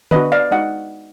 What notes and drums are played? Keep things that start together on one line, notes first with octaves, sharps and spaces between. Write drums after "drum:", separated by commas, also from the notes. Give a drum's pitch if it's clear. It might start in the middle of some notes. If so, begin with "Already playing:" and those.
B3 D4 F#4 B4 D#5, drum: tom D3
D5 F5
G#3 D#4 F#4 D#5 F#5